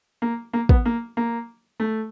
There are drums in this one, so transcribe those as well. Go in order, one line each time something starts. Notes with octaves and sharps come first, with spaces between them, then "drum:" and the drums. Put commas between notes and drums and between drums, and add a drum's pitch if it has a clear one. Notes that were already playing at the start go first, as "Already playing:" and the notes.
A#3
A#3
B3, drum: kick
A#3
A#3
A3